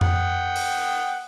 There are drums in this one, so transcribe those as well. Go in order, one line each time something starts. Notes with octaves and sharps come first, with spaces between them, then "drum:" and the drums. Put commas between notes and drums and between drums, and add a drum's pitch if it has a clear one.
F#5 G5 D#6, drum: tom F2
drum: open hi-hat